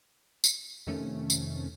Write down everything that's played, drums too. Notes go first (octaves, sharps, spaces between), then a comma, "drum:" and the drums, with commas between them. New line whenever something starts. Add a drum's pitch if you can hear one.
drum: tambourine
F2 C3 D#3 A3 C#4
drum: tambourine